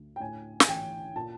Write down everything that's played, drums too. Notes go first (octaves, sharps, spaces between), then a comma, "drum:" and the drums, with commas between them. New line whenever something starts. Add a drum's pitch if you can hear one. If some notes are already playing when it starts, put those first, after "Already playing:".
Already playing: D2
G5
A2 G#5
G#5, drum: snare
A1 G5
A#2 A5